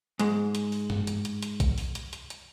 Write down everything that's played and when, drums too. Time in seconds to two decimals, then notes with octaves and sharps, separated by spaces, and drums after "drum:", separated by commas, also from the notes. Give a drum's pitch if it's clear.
0.19 G#2 G#3, drum: hi-hat
0.55 drum: hi-hat
0.72 drum: open hi-hat
0.90 drum: tom G2
1.07 drum: hi-hat
1.25 drum: hi-hat
1.42 drum: hi-hat
1.60 drum: kick A#1, hi-hat
1.78 drum: open hi-hat
1.95 drum: hi-hat
2.13 drum: hi-hat
2.30 drum: hi-hat